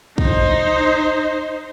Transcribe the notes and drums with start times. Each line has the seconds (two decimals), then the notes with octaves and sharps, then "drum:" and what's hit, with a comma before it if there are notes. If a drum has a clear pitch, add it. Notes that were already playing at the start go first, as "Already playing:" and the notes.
0.18 D#4 C5, drum: kick